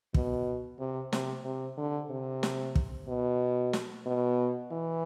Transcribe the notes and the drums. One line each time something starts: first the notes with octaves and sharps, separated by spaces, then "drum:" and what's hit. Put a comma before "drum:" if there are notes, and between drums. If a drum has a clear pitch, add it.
B2, drum: kick
C3
C3, drum: snare
C3
D3
C3
drum: snare
drum: kick
B2
drum: snare
B2
E3